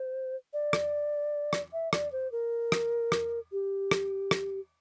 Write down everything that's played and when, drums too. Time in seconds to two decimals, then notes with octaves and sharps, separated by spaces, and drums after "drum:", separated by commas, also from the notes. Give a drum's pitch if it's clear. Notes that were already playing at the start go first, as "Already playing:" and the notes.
Already playing: C5
0.53 D5
0.73 drum: rim click
1.53 drum: rim click
1.73 E5
1.93 D5, drum: rim click
2.12 C5
2.32 A#4
2.72 drum: rim click
3.12 drum: rim click
3.52 G4
3.91 drum: rim click
4.31 drum: rim click